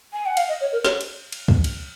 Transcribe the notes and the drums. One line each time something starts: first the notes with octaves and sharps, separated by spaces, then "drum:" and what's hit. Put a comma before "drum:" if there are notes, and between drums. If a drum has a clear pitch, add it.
G#5
F#5
F5, drum: cymbal
D#5
C#5
A#4
C#5, drum: snare
drum: cymbal
drum: cymbal
drum: kick
drum: cymbal